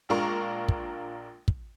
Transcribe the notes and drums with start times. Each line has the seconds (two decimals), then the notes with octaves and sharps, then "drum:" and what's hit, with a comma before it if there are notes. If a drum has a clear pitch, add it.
0.09 A#1 G#3 D4 F4 A#4 C#6
0.68 drum: kick
1.48 drum: kick